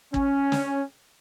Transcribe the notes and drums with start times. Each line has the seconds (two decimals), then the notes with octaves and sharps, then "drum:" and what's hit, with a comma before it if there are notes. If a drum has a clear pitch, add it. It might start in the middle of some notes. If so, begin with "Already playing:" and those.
0.14 C#4, drum: kick
0.52 drum: snare